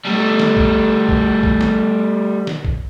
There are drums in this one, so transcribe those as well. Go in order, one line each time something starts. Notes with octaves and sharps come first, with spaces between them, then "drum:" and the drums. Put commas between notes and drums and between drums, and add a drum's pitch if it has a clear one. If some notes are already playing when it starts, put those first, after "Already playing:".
G3 A3
drum: snare
drum: kick
drum: kick
drum: kick
drum: snare
drum: snare
drum: kick